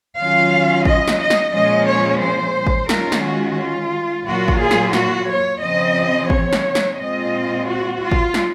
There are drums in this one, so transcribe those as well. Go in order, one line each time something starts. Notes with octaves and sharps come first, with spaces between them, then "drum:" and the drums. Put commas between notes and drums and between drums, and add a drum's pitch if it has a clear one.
D#3 F#3 C#4 F4 F5
D#5, drum: kick G#1
drum: snare
D#5
drum: snare
A#2 F3 G#3 C#4 D#5
C#5
C5
drum: kick G#1
D#3 G#3 C#4 F4 A#4, drum: snare
drum: snare
F#4
F4
A#2 F#3 A#3 F4 F#4
drum: kick G#1
G#4
drum: snare
F#4, drum: snare
C#5
C#3 F3 C4 D#5
C#5, drum: kick G#1
drum: snare
drum: snare
A#2 G#3 C4 F4 D#5
F#4
F4
drum: kick G#1
drum: snare